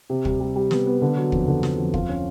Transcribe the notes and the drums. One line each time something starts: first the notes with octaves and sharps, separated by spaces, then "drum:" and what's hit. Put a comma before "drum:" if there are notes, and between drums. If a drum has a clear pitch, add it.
C3
G3, drum: kick
G3
G3
B3, drum: snare
B3
D3
F#3
F2, drum: kick
D3
D3, drum: snare
F2
F4, drum: kick
C#4